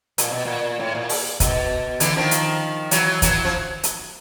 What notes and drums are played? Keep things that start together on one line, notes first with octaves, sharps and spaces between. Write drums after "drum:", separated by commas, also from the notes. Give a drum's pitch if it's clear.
A#2, drum: hi-hat
B2
A#2
A2
A#2
drum: open hi-hat
B2, drum: kick, hi-hat
D3 E3, drum: hi-hat
D#3 F3
drum: hi-hat
E3 F#3, drum: hi-hat
E3 F#3, drum: kick, hi-hat
F3
drum: hi-hat